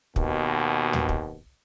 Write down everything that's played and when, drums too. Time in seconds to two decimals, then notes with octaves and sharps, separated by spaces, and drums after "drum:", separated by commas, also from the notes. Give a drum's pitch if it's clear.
0.16 D#2 B2, drum: kick
0.93 drum: tom
1.09 drum: kick